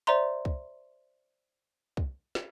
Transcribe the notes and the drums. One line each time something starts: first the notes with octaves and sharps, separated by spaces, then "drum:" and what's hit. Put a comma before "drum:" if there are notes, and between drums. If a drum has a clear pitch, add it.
C5 D5 E5 A#5 C6
drum: kick
drum: kick
drum: snare